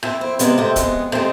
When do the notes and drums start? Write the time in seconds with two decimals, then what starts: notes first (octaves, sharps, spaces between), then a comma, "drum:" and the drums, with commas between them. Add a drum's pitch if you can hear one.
0.03 F2 C4 E4, drum: rim click
0.21 C4 E4
0.39 C3 G#3 B3 D4, drum: hi-hat
0.58 A3 C4
0.76 F2 G#3 B3, drum: kick D1, hi-hat
1.12 C3 G#3 A3 C4, drum: rim click